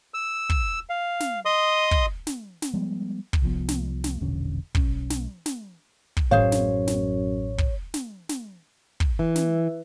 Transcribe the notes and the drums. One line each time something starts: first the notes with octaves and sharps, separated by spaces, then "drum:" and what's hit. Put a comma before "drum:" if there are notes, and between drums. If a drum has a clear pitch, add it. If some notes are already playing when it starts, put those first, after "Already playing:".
E6
drum: kick
F5
drum: snare
D#5 C6 D#6
drum: kick
drum: snare
drum: snare
F3 G3 G#3 B3
drum: kick
C2 F3 B3
drum: snare
drum: snare
E1 A#1 D3 C#4
B1 C#4, drum: kick
drum: snare
drum: snare
drum: kick
A1 F#2 G#4 C5 C#5 F5
drum: snare
drum: snare
drum: kick
drum: snare
drum: snare
drum: kick
E3
drum: snare